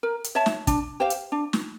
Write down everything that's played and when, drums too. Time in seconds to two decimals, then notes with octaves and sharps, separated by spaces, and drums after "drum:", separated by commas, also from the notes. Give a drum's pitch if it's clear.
0.03 A#4
0.24 drum: hi-hat
0.35 C#5 E5 A5
0.46 drum: snare
0.67 D4, drum: kick, hi-hat
1.00 G4 C5 F5
1.10 drum: hi-hat
1.32 D4
1.53 drum: snare